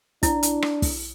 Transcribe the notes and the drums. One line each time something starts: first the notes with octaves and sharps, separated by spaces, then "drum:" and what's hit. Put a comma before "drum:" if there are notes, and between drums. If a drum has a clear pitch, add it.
D4 E4, drum: kick, hi-hat
drum: hi-hat
drum: rim click
drum: kick, open hi-hat